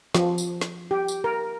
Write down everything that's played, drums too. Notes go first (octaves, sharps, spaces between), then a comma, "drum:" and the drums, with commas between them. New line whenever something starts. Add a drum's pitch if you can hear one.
F3, drum: snare
drum: tambourine
drum: snare
G4
drum: tambourine
A#4